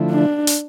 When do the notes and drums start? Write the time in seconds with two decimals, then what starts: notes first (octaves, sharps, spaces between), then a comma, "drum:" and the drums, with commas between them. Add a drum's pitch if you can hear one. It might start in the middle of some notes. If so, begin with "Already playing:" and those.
Already playing: D3 F3 A3 E4
0.10 D4
0.47 drum: hi-hat